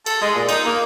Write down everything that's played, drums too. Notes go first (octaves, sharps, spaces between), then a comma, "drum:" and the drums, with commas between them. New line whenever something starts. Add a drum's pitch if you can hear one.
A4, drum: cymbal
G#3
A#2
D#4, drum: cymbal
A#3